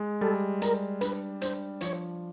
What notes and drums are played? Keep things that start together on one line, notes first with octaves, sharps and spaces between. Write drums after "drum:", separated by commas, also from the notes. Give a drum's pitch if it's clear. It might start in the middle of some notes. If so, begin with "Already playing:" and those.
Already playing: G#3
G3 A4
G3 A#4, drum: hi-hat
D4 B4, drum: hi-hat
D4 C5, drum: hi-hat
F3 C#5, drum: hi-hat